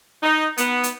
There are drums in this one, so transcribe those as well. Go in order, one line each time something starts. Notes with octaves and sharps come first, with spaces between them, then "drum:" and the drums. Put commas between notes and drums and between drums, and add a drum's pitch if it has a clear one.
D#4
B3, drum: hi-hat
drum: hi-hat